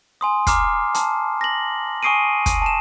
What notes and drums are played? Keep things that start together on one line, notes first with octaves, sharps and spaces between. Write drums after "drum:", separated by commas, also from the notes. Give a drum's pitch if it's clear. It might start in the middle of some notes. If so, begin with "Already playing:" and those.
G#5 C6 D#6
A#5 D6 F6 C7, drum: kick, hi-hat
A5, drum: hi-hat
A#6 F#7
G#5 C#6 D#6 C7 D7 D#7
drum: kick, hi-hat
A5 E7